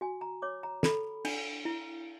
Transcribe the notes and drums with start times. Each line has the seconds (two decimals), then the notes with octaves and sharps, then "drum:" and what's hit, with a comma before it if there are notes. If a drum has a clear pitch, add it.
0.01 F#4 G#5
0.21 A#5
0.42 C#5 D6
0.63 A#5
0.83 A4 B5, drum: snare
1.25 D4, drum: cymbal
1.65 E4